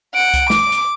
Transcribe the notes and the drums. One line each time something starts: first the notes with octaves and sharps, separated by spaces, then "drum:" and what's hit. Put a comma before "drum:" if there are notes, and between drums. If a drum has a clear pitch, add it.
F#5 D7
drum: kick C2, hi-hat
D6, drum: snare
drum: hi-hat